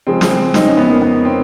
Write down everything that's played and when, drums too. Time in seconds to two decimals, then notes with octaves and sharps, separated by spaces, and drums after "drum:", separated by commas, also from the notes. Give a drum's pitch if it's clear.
0.07 C#3 F3 G#3 C4
0.21 drum: snare
0.30 C4
0.54 D#4, drum: snare
0.66 C#4
0.77 B3
0.89 A#3
1.02 B3
1.25 C4